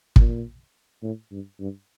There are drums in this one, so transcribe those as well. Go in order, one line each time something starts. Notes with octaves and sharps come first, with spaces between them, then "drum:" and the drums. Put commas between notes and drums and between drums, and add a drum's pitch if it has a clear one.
A#2, drum: kick
A2
G2
G2